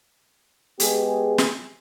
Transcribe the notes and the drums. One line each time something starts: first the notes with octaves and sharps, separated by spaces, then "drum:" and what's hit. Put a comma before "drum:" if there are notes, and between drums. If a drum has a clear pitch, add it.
G#3 B3 G4 G#4, drum: hi-hat
drum: snare